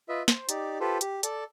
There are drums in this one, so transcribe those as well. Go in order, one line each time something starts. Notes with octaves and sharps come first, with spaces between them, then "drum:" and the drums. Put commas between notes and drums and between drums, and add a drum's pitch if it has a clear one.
F4 B4 D#5 E5
C5, drum: snare
D#4 G4 D5, drum: hi-hat
F4 G4 A4 B4 C5
G4, drum: hi-hat
A4 D5 A5, drum: hi-hat